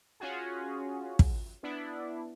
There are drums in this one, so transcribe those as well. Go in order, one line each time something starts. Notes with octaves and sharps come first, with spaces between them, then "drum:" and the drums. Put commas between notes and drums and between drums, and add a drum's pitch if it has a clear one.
C#4 F4 F#4 G#4
drum: kick
B3 D4 E4